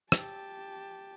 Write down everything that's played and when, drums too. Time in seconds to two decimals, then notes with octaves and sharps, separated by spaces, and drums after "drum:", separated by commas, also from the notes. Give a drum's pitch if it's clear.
0.12 G4 A5, drum: rim click